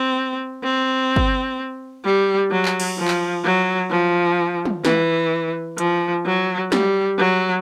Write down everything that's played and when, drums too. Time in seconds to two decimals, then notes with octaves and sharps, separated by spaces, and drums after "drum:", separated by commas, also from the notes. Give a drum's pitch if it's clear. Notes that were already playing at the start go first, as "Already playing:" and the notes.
Already playing: C4
0.64 C4
1.16 drum: kick
2.05 G3
2.51 F#3
2.65 drum: clap
2.80 drum: cymbal
2.98 F3
3.08 drum: clap
3.45 F#3
3.91 F3
4.65 drum: tom
4.85 E3, drum: snare
5.78 F3, drum: hi-hat
6.25 F#3
6.72 G3, drum: snare
7.19 F#3